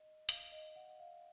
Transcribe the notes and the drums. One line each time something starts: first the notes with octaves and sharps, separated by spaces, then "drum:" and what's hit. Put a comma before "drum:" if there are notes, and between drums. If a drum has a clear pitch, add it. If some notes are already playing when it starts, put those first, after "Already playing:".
Already playing: D#5
F5, drum: hi-hat
D#5
F#5
D#5
F5